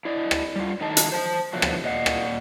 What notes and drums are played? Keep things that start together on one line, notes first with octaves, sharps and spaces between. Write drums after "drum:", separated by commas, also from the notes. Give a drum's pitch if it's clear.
E4 D5 D#5
drum: rim click
G3 F4
A2 D#3 D#4 A4 D#5 A5
drum: hi-hat
C5 A5
B2 D3 F3 F#3 A3 F#4
drum: rim click
A#2 D#5 F#5
drum: rim click